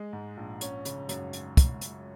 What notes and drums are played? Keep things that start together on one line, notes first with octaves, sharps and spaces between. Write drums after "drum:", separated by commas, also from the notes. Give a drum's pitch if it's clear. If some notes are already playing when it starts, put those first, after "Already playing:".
Already playing: G#3
G#2
A#1
C#4, drum: hi-hat
C#3, drum: hi-hat
F#2, drum: hi-hat
drum: hi-hat
drum: kick, hi-hat
drum: hi-hat